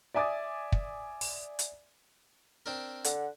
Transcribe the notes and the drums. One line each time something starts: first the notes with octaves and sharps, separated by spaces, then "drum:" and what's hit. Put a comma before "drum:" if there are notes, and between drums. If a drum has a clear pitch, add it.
D5 E5 G#5 D6 D#6 A6
drum: kick
drum: open hi-hat
drum: hi-hat
C4 D4 A#4
D3 F#5, drum: hi-hat